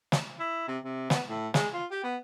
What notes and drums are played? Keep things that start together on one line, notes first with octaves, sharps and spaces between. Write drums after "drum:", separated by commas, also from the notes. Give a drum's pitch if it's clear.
drum: snare
E4
C3
C3
B3, drum: snare
A2
G#3, drum: snare
F4
G4
B3